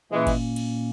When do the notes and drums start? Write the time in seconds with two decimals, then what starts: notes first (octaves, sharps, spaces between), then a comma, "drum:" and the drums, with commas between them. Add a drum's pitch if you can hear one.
0.12 A#2 E3 G#3 A#3 C#4
0.27 drum: kick G1, cymbal
0.56 drum: cymbal